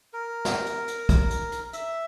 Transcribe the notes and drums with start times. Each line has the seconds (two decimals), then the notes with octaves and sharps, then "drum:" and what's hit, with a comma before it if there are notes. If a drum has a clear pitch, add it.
0.13 A#4
0.45 drum: snare
0.66 drum: hi-hat
0.88 drum: hi-hat
1.09 drum: kick, hi-hat
1.30 drum: hi-hat
1.52 drum: hi-hat
1.73 E5, drum: hi-hat